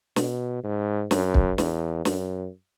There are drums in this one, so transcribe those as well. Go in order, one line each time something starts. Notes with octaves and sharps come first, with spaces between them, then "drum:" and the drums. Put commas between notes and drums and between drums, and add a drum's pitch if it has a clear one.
B2, drum: snare
G#2
F#2, drum: snare
drum: kick
E2, drum: snare
F#2, drum: snare